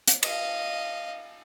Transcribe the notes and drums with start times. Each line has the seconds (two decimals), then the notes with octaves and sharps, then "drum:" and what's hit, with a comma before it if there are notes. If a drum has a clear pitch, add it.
0.08 drum: hi-hat
0.23 D#5 F5, drum: cymbal